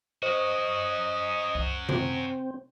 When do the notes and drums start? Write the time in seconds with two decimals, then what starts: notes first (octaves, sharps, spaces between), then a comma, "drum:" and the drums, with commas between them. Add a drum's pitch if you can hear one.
0.23 C#4 F#4 C5 D#5
1.55 drum: kick C2
1.89 C4, drum: tom C3